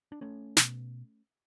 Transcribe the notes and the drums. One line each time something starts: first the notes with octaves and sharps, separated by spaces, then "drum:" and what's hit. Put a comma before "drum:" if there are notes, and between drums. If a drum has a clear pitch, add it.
D4
A3 C#4
B2, drum: snare